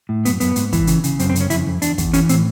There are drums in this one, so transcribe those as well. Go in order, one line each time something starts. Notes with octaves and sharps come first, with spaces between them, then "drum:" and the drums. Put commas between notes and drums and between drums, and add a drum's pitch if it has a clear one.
A2
F#2 B3, drum: hi-hat
F#2 B3, drum: hi-hat
G#2, drum: hi-hat
E3, drum: kick, hi-hat
C#3, drum: hi-hat
C#3, drum: hi-hat
F#2 C4, drum: hi-hat
C4
C#3, drum: hi-hat
C#4
F2 E4, drum: hi-hat
F2
E2 D4, drum: hi-hat
E2, drum: kick, hi-hat
E3 C#4, drum: hi-hat
A2 C4, drum: hi-hat